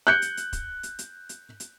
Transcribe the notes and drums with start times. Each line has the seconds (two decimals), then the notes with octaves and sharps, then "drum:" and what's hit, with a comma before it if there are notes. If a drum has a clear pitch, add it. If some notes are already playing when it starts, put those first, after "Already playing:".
0.07 F#6 G6 C#7
0.22 drum: hi-hat
0.37 drum: hi-hat
0.53 drum: kick, hi-hat
0.83 drum: hi-hat
0.99 drum: hi-hat
1.29 drum: hi-hat
1.60 drum: hi-hat